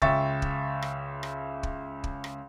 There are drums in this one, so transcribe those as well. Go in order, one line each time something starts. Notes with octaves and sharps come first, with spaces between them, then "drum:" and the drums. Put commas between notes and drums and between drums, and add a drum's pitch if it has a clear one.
C#2 E5 G5 C#6 A6, drum: kick
drum: kick
drum: rim click
drum: rim click
drum: kick
drum: kick
drum: rim click